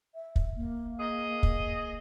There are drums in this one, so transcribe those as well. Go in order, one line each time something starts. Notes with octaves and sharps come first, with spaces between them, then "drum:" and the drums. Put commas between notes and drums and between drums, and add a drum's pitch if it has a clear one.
E5
drum: kick
A#3
G#4 D#5
drum: kick